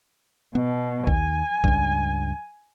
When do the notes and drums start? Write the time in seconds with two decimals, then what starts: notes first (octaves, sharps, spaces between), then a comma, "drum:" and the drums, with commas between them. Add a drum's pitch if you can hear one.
0.55 B2 B3
1.07 D#2 G#5, drum: kick A#1
1.64 C#2 G2, drum: kick A#1